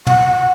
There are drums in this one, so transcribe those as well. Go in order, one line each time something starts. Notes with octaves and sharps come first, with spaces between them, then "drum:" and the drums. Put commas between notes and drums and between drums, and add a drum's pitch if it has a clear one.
F#5, drum: tom